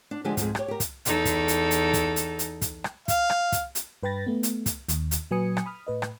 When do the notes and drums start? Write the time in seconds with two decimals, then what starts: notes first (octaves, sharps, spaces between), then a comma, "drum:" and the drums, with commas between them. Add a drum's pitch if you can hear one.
0.11 D4
0.24 D3 F3 G#3 D4 G4 G#5
0.37 F2 G#2 G#4, drum: kick, hi-hat
0.55 G4 C#5, drum: rim click
0.68 G4 A#4
0.80 drum: kick, hi-hat
1.05 E2 D#4 A4, drum: hi-hat
1.25 drum: kick, hi-hat
1.48 drum: hi-hat
1.71 drum: hi-hat
1.93 drum: kick, hi-hat
2.16 drum: hi-hat
2.39 drum: hi-hat
2.62 drum: kick, hi-hat
2.84 drum: rim click
3.08 F5, drum: kick, hi-hat
3.30 drum: rim click
3.52 drum: kick, hi-hat
3.75 drum: hi-hat
4.03 G2 B4 G5 B5 A6 A#6
4.27 A3 B3
4.43 drum: hi-hat
4.66 drum: kick, hi-hat
4.89 D#2, drum: hi-hat
5.11 drum: hi-hat
5.31 A#2 F#3 B4 G#5 D#6 C#7
5.57 drum: rim click
5.66 B5 D#6 F6
5.87 A2 B4 D#5
6.02 drum: rim click